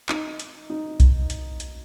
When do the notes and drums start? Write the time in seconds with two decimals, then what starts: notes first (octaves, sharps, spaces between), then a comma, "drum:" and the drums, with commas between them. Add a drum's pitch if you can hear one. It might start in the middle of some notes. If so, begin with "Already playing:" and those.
0.09 D#4, drum: clap
0.40 drum: hi-hat
0.70 D#4
1.00 drum: kick B1, hi-hat
1.30 drum: hi-hat
1.60 drum: hi-hat